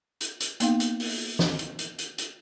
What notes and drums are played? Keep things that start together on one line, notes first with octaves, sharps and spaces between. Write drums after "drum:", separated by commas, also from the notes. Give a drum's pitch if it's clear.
drum: hi-hat
drum: hi-hat
A#3 B3 D#4 F5, drum: hi-hat
drum: hi-hat
drum: open hi-hat
drum: snare
drum: hi-hat
drum: hi-hat
drum: hi-hat
drum: hi-hat